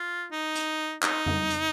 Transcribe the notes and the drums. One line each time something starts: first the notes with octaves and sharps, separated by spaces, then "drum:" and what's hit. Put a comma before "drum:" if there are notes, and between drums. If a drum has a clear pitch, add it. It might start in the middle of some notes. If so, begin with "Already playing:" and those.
Already playing: F4
D#4
drum: hi-hat
D#4, drum: clap
drum: tom F2
drum: hi-hat